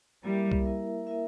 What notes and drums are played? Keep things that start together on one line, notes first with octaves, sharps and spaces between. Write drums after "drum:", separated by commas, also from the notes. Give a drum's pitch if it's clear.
G3 A#3 E4 A#4 E5
drum: kick C2
A#3 E4 A#4 E5
A#3 E4 A#4 E5